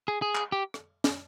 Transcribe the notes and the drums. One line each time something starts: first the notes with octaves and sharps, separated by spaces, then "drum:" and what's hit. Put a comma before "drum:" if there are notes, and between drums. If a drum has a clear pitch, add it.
G#4
G#4
drum: clap
G4
drum: rim click
drum: snare